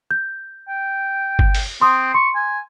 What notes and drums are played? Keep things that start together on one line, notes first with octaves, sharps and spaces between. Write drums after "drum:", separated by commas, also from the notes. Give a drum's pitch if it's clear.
G6
G5
drum: kick G1
drum: open hi-hat
C4 C6 D#6
C6 C#6
G#5